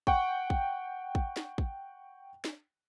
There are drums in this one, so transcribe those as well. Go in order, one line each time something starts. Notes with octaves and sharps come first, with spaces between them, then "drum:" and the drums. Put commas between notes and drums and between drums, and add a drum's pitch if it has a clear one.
F#5 G5 C#6, drum: kick
drum: kick
drum: kick
drum: snare
drum: kick
drum: snare